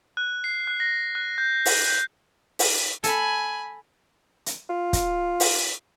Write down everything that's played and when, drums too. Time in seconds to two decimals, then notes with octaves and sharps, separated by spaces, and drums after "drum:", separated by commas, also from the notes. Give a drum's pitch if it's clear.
0.17 F#6
0.44 C7
0.67 F#6
0.80 A#6
1.15 F#6
1.38 G6
1.65 drum: open hi-hat
1.88 G6
2.59 drum: open hi-hat
3.04 A4 G#5 B5, drum: hi-hat
4.46 drum: hi-hat
4.70 F4
4.93 drum: kick, hi-hat
5.40 drum: open hi-hat